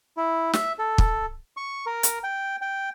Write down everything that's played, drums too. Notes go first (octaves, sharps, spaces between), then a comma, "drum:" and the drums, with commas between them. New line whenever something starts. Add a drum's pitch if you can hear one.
E4
E5, drum: snare
A4
drum: kick
C#6
A#4
drum: hi-hat
G5
G5